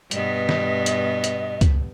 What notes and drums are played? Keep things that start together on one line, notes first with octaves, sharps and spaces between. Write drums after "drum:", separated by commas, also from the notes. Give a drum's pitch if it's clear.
G2 B2 B3 D#5, drum: hi-hat
drum: snare
drum: hi-hat
drum: hi-hat
drum: kick C#2, hi-hat